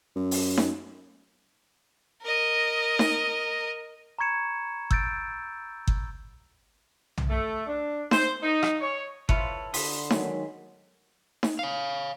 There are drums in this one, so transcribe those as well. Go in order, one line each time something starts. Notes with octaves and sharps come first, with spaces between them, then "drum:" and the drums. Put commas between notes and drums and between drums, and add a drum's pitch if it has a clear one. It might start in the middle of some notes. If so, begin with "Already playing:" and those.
F#2
drum: open hi-hat
drum: snare D#4
A#4 D#5
drum: snare D#4
A#5 B5 C#6 G#6 C#7 E7
E6 G6 A6 D7, drum: kick G1
drum: kick G1
drum: tom B1
A3
D4
C5, drum: snare D#4
D#4
drum: rim click
C#5
E4 F4 A4 B4 C#5, drum: kick G1
D3 B5 C6 D#6, drum: open hi-hat
D#3 F#3 G#3, drum: snare D#4
drum: snare D#4
C#5 F5